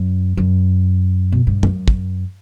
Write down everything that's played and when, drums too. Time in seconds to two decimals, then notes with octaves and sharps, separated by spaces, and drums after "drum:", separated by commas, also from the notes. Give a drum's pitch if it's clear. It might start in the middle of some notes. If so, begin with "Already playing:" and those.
Already playing: F#2
0.37 F#2
1.32 B2
1.47 G2
1.63 F#2, drum: tom
1.88 drum: kick